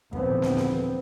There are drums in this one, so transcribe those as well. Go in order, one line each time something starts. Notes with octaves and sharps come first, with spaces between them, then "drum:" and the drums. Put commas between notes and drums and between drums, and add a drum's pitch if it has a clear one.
A#1 D#2 D3 E3 B3 C4, drum: kick
drum: snare
drum: snare